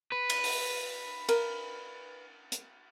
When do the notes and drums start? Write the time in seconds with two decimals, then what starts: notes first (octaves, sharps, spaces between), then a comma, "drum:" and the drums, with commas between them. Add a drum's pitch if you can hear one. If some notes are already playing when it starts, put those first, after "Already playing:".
0.12 B4
0.30 drum: cymbal
0.44 drum: open hi-hat
1.29 A#4, drum: cymbal
2.52 drum: hi-hat